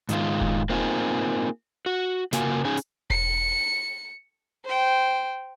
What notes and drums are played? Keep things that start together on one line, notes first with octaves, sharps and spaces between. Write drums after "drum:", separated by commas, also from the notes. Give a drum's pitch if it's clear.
G#2 D#3 G#3 F4, drum: hi-hat
drum: kick E1
A#3 C4 D#4 F4 F#4 G#4
F#4
C#3 A#3 F4 F#4 A#4 G#5, drum: snare
C#4 D#4 G#4 G#5
drum: hi-hat
C#7, drum: kick E1
C5 G5